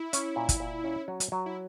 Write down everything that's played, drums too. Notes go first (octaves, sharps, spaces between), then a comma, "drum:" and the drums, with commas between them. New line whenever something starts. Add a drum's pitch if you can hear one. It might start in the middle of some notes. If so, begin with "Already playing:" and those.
Already playing: E4
C#4, drum: hi-hat
A#2
drum: kick, hi-hat
A#2
C#4
F#3
drum: hi-hat
F#3
E4